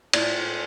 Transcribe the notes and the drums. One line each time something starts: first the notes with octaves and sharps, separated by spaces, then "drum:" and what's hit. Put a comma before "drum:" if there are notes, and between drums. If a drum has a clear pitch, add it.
A2 D5, drum: cymbal